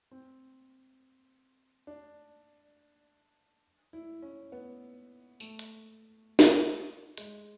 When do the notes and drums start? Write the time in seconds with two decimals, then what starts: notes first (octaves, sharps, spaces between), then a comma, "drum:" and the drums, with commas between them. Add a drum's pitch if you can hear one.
0.11 C4
1.87 D4
3.93 E4
4.22 C#4
4.52 B3
5.40 A3, drum: tambourine
5.59 drum: hi-hat
6.39 drum: snare
7.18 G#3, drum: hi-hat